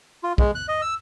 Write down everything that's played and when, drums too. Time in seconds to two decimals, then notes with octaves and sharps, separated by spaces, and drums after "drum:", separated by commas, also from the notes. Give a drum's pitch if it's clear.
0.23 F4
0.38 G#3, drum: kick
0.55 F#6
0.68 D#5
0.82 E6